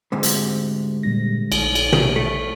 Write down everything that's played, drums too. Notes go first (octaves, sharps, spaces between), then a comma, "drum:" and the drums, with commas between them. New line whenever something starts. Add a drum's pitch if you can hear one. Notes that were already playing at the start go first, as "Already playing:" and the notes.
D2 G#2 C3
drum: hi-hat
A#2 G3 A#6
A#1, drum: cymbal
drum: cymbal
drum: tom
A3